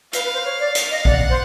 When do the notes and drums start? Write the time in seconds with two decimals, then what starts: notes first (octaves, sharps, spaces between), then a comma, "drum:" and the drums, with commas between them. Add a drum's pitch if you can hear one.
0.13 B4 F5, drum: hi-hat
0.24 B4
0.34 C5
0.45 C#5
0.60 D5
0.75 drum: hi-hat
0.91 D#5
1.05 D5 F#5, drum: kick A#1
1.30 C5